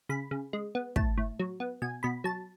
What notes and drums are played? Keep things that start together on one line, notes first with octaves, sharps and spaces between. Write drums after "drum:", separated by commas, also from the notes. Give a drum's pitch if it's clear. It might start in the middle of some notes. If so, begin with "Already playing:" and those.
C#3 B5
C#3
G#3
B3
A2 A5, drum: kick
A2
F#3
B3
B2 G#5
B2 B5
F#3 A5